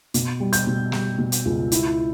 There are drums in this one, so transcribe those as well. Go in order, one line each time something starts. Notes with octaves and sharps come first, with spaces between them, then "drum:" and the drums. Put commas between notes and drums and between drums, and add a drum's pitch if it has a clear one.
B2, drum: hi-hat
G3
G6, drum: hi-hat
B2
G3, drum: snare
B2
drum: hi-hat
C#2
E4, drum: hi-hat